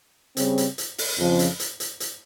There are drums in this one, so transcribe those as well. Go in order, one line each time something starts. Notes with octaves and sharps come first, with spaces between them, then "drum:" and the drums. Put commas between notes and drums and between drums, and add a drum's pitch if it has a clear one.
C#3 G3 C4, drum: hi-hat
drum: hi-hat
drum: hi-hat
drum: open hi-hat
F2 C#3 F3
drum: hi-hat
drum: hi-hat
drum: hi-hat
drum: hi-hat